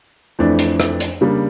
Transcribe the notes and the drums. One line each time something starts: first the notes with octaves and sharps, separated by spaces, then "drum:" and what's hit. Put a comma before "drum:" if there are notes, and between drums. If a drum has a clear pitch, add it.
F2 E3 A3 D4
drum: hi-hat
drum: rim click
drum: hi-hat
C#3 G3 A#3 D4